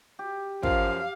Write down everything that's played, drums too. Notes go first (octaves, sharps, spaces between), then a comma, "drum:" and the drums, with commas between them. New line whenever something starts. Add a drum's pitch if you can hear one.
G4
F#2 F3 F5, drum: kick